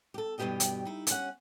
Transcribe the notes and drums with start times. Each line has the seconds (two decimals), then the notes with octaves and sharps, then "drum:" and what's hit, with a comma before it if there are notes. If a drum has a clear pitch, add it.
0.14 G4 A4
0.38 E2 G2 B2 G4 D#5 G5
0.60 drum: hi-hat
0.85 D#4 E4
1.07 C#4 F#5, drum: hi-hat